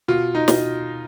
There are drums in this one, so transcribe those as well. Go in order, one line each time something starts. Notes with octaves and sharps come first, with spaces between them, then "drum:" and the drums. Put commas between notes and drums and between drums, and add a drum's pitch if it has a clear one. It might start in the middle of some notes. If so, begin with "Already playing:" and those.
B2 F4
D#4
B2, drum: snare